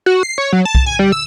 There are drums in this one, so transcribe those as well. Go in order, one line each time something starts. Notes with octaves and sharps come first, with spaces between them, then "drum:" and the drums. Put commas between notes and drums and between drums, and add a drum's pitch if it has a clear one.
F#4
C7
C#5
F#3
A5
drum: kick B1
G#5
G3
E6